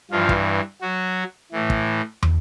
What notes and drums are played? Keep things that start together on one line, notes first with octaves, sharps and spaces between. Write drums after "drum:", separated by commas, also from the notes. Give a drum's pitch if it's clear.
G2 E3 F3 F4
drum: kick
F#3 F#4
A2 E3
drum: kick
drum: tom